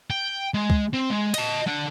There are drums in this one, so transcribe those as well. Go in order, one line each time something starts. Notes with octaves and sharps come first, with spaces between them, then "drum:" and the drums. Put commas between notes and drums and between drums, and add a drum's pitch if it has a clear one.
G5
G#3
drum: kick
C4
G#3
D#5 A5, drum: cymbal
D3 D4